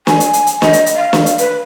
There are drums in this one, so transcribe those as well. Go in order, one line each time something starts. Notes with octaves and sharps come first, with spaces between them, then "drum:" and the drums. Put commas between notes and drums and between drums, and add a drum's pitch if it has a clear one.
G#5, drum: snare
drum: hi-hat
drum: hi-hat
drum: hi-hat
D#5, drum: snare
drum: hi-hat
drum: hi-hat
F5
drum: snare
drum: hi-hat
B4, drum: hi-hat